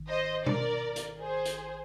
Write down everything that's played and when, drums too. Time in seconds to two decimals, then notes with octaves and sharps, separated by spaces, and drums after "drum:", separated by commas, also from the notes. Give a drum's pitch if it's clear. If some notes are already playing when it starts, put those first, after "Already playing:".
Already playing: G#1 D#3
0.09 C5 D#5
0.46 A#4 D5, drum: tom B2
0.96 drum: hi-hat
1.20 G#4 C5
1.45 drum: hi-hat